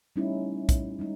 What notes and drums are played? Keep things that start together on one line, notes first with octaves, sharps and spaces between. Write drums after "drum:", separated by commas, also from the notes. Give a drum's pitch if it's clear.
G3 A3 B3 C#4 D#4 E4
drum: kick, hi-hat
G3 G#3 D#4